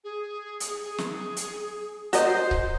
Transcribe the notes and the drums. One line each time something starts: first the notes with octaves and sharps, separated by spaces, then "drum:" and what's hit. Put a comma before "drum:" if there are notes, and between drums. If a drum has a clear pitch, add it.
G#4
drum: hi-hat
G#4
drum: snare
drum: hi-hat
F#4 A#4 C5 D#5, drum: hi-hat
drum: kick C#1